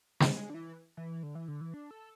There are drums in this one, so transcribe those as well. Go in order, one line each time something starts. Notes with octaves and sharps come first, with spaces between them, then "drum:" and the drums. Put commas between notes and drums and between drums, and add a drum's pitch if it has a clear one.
B3, drum: snare
G#3
D3
E3
E3
D3
E3
D3
E3
D4
A4